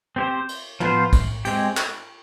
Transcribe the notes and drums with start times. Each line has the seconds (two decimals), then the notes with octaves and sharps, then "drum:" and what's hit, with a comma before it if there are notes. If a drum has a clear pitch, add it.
0.16 C4 G4 C5
0.49 drum: cymbal
0.80 F3 B3 F4 C5, drum: tom
1.13 drum: kick, cymbal
1.45 G#3 C4 G4, drum: cymbal
1.77 drum: clap